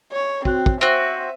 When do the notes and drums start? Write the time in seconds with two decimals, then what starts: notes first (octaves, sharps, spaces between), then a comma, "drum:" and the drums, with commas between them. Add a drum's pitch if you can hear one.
0.12 C#5
0.45 C4 F#4 G5 F#6, drum: kick
0.66 drum: kick
0.81 C4 F#4 C5 E5 D#7